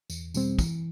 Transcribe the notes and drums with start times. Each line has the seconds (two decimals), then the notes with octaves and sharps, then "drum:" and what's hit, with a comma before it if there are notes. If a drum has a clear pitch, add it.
0.10 E2, drum: tambourine
0.34 B2 G3 C4, drum: tambourine
0.59 E3, drum: kick, tambourine